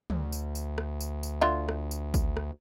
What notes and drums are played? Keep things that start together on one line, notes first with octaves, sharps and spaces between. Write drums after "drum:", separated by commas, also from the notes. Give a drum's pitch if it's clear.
D2, drum: tom
drum: tambourine
drum: tambourine
drum: rim click
drum: tambourine
drum: tambourine
D3 F4 E5
drum: rim click
drum: tambourine
drum: kick G#1, tambourine
drum: rim click